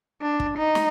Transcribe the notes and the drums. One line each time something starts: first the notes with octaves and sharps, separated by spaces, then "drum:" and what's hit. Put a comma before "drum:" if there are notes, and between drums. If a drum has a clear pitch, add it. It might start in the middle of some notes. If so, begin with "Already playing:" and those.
D4
drum: kick
D#4
drum: snare